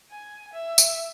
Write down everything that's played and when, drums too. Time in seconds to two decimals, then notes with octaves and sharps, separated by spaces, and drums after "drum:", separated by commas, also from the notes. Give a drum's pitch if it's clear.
0.11 G#5
0.53 E5
0.78 drum: tambourine